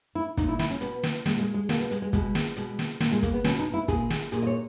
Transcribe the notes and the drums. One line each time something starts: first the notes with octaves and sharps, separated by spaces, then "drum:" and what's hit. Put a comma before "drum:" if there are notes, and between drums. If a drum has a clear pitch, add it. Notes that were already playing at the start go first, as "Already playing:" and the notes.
E4
A#2 D#4, drum: kick, hi-hat
E4
E4, drum: snare
C#4
B2 B3, drum: hi-hat
drum: snare
A#2 G#3, drum: snare
G#3
G#3
B2 A#3, drum: snare
B3
G#3, drum: hi-hat
G#3
B2 G#3, drum: kick, hi-hat
drum: snare
B2 G#3, drum: hi-hat
drum: snare
A#2, drum: snare
G#3
A#3, drum: kick, hi-hat
B3
B2 C#4, drum: snare
D#4
E4
A#2 G#4, drum: kick, hi-hat
drum: snare
A#2 G#4, drum: hi-hat
D#5
C#5